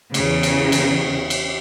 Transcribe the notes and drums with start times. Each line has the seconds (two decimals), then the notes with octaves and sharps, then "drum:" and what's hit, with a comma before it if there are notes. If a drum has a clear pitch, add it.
0.14 E2 C#3, drum: cymbal
0.43 drum: cymbal
0.72 drum: cymbal
1.30 drum: cymbal